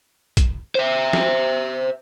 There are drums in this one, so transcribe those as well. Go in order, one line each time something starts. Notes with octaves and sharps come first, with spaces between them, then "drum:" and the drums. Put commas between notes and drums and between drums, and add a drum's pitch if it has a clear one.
drum: kick, hi-hat
C5 E5
drum: snare